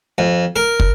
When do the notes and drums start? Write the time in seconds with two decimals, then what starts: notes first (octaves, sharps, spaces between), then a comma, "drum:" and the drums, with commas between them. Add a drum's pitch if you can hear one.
0.18 F2
0.56 A#4
0.80 drum: kick